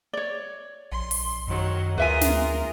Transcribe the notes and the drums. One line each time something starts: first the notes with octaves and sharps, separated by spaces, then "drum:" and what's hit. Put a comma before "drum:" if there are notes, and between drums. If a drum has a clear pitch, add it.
C#5 D5
A#1 C6
drum: open hi-hat
F#2 D#3 F#3
D2 F4 G#4 A#4 B4 E5 G#5
drum: snare